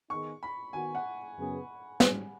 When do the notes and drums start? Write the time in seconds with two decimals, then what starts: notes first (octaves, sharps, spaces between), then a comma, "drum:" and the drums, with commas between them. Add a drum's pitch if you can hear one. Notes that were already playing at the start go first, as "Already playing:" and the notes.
0.10 D#3 B3 D#4 G#4 C#6
0.43 B5
0.73 D#3 B3 F#4 G#5
0.95 F#5
1.37 F#2 C#3 B3 G#4
2.00 G#2 F#3 C#4, drum: snare